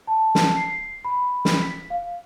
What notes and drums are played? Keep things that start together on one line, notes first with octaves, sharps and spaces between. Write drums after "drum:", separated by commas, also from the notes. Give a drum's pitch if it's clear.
A5
drum: snare
C7
B5
drum: snare
B6
F5